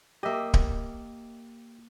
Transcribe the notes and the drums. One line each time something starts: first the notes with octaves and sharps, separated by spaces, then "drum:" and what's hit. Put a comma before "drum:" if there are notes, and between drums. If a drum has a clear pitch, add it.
A#3 G4 D#5 E5
drum: kick D1